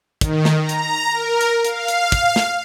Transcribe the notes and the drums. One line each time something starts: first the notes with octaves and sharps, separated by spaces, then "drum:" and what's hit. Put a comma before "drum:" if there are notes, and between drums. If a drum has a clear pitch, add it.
D#3, drum: kick, hi-hat
drum: snare
A#5
drum: hi-hat
A#4
drum: hi-hat
F5, drum: hi-hat
drum: hi-hat
drum: kick, hi-hat
drum: snare